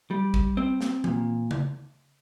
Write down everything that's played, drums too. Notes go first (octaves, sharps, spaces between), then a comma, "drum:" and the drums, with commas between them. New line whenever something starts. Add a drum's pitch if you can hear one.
G3
drum: kick A1
C4
drum: snare
A#2, drum: tom E3
drum: tom C#3